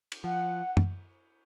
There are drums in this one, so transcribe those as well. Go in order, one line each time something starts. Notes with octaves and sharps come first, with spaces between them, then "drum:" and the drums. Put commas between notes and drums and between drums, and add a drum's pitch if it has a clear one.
drum: cymbal
F3 F#5
drum: tom